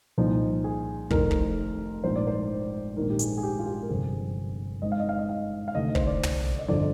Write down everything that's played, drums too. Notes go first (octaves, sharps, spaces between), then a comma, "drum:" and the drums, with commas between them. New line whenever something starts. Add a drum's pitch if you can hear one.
C2 A#2 F3 D#4
G#4
F1 F2 D#3 A#4, drum: kick
drum: kick
A#1 G#2 F3 C5
D5
C5
A#1 G#2 D#3 A#4
G4
G#4, drum: hi-hat
G#4
G4
F4
G4
A#4
G1 F2 C3 F3 G#4
G#1 G#2 D#3 D#5
F5
D#5
F5
D#5
F5
F5
D2 C3 D#3 D#5
C5, drum: kick
D5
drum: tom
D#5
G1 F2 D3 F3 D5